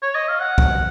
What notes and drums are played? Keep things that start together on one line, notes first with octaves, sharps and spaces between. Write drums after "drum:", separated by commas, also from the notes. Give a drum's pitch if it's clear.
C#5
D#5
F5
F#5
drum: kick B1